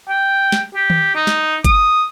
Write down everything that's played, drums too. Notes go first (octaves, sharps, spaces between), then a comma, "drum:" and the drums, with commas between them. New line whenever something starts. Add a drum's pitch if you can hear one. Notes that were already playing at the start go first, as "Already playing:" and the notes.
G5
drum: snare
G4
drum: tom D#3
D#4
drum: snare
D#6, drum: kick, hi-hat